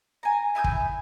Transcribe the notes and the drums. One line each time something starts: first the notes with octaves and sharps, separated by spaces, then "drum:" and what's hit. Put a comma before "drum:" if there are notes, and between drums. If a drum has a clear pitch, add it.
G#5 A#5
E4 G#5 E6 G6
drum: kick